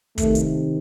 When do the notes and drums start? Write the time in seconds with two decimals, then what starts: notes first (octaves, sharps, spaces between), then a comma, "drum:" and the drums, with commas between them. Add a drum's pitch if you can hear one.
0.18 C3 D#3 A3, drum: kick, hi-hat
0.35 drum: hi-hat